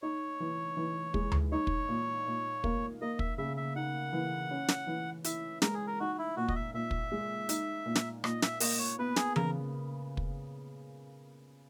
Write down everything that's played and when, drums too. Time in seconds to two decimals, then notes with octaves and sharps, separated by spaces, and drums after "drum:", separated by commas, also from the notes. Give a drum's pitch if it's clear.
0.02 D#4 C#5
0.40 E3
0.77 E3
1.14 G#3, drum: kick
1.32 drum: tom D2
1.52 D#4 C#5
1.67 drum: kick
1.88 A#2
2.27 A#2
2.64 A#3, drum: kick
3.02 A#3 D#5
3.19 E5, drum: kick
3.38 C#3 E5
3.57 E5
3.75 D#4 F#5
4.13 E3
4.51 C#4
4.68 drum: snare
4.87 E3
5.24 E4 E5, drum: hi-hat
5.62 G#3 A#4, drum: snare
5.74 G#4
5.87 A#4
6.00 D#4 F#4
6.19 E4
6.36 A#2 F#4
6.48 D#5, drum: kick
6.55 E5
6.74 A#2 E5
6.91 drum: kick
7.12 G#3
7.49 D#4, drum: hi-hat
7.86 A#2
7.95 drum: snare
8.24 A#2 D#5, drum: rim click
8.42 E5, drum: snare
8.60 A#3 D#5, drum: open hi-hat
8.79 C#5
8.99 B3 B4
9.16 G#4, drum: snare
9.36 C#3 A#4, drum: tom E3
10.17 drum: kick